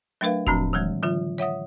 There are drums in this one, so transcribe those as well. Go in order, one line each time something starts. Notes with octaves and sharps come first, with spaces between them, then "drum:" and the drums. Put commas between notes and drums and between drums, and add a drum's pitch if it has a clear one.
F#3 A3 D4 A#4 B4 F5
A2 F3 C4 D4 F#4, drum: kick E1
D#3 E3 F#3 G#3
D3 E3 F#3 F4
C#5 E5 F#5 D#6